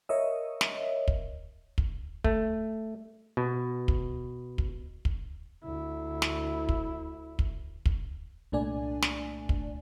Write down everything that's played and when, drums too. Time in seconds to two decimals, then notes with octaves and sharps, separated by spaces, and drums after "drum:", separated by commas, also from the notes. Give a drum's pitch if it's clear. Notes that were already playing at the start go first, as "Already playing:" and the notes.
0.09 A#4 C#5 D#5 E5
0.61 drum: snare
1.08 drum: kick
1.78 drum: kick
2.24 A3, drum: kick
3.37 B2
3.88 drum: kick
4.58 drum: kick
5.05 drum: kick
5.64 D2 E4
6.22 drum: snare
6.69 drum: kick
7.39 drum: kick
7.86 drum: kick
8.52 C2 A#2 A3 D4 D5 G#5
9.02 drum: snare
9.49 drum: kick